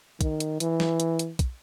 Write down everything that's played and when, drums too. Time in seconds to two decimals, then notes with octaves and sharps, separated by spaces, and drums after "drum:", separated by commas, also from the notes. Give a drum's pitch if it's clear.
0.21 D#3, drum: kick, hi-hat
0.40 drum: hi-hat
0.60 E3, drum: hi-hat
0.80 drum: snare
1.00 drum: hi-hat
1.19 drum: hi-hat
1.39 drum: kick, hi-hat